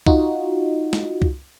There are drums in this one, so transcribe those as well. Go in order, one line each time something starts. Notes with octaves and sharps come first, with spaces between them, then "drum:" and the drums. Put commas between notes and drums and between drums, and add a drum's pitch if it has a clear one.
D#4 F4 F#4, drum: kick
drum: snare
drum: kick